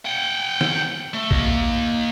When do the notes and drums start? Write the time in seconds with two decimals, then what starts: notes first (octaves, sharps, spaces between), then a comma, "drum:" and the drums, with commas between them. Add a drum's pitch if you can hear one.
0.05 F#5 G5
0.61 drum: snare
1.14 A3
1.31 A#3 D#5, drum: kick A#1